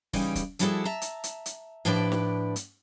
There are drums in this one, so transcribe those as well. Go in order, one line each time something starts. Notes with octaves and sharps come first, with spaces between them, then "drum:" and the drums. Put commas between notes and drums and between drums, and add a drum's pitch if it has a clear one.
C#3 E3 G3 D#4 G4, drum: kick, open hi-hat
drum: kick, hi-hat
F3 G3 E4 F#4 G#4 A4, drum: hi-hat
E5 A5 A#5
drum: hi-hat
drum: hi-hat
drum: hi-hat
A2 F3 D4 G4 B4 D5
drum: snare
drum: hi-hat